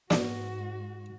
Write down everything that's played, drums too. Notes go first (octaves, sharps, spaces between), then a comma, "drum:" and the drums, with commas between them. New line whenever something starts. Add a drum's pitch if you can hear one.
G#2 D4 F#4, drum: snare